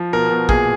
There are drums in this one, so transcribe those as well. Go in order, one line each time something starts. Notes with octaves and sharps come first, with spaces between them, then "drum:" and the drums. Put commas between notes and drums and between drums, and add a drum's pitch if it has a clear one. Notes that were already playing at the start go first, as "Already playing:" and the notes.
Already playing: F3
B2 A#4
B2
A#2 G#4, drum: kick